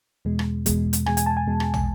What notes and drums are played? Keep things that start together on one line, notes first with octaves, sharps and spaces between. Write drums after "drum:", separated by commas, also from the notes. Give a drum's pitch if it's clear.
E2 B2 G#3
drum: rim click
E2 B2 G#3, drum: kick, hi-hat
drum: hi-hat
E2 B2 G#3 G#5, drum: rim click
G#5, drum: hi-hat
A5
G#5
E2 B2 G#3
drum: rim click
drum: tom